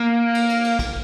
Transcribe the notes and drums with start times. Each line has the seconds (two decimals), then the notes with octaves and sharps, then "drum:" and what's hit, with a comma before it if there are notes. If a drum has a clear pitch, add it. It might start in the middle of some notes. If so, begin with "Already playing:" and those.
Already playing: A#3
0.35 drum: cymbal
0.49 drum: cymbal
0.64 drum: cymbal
0.79 drum: kick A#1, cymbal